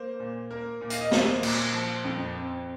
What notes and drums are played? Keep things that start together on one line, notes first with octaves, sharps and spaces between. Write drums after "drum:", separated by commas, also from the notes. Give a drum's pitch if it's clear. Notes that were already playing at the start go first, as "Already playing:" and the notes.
Already playing: A#3 C5
A#2
A#3 A#4
A#2
F5, drum: hi-hat
D#5
A#3 C5, drum: snare
A#2, drum: cymbal
F3
F2
C4